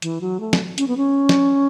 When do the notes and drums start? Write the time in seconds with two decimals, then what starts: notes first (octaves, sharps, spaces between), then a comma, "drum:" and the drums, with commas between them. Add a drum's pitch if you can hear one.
0.02 E3, drum: hi-hat
0.21 F#3
0.40 A3
0.53 drum: snare
0.78 C#4, drum: hi-hat
0.88 B3
0.97 C#4
1.29 drum: snare